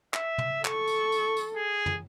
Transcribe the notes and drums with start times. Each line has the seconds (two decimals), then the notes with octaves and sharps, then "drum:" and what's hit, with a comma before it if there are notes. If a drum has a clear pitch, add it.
0.14 E5, drum: clap
0.38 drum: tom
0.65 A4 C#6, drum: clap
0.88 drum: tambourine
1.12 drum: tambourine
1.37 drum: tambourine
1.56 G#4
1.86 drum: tom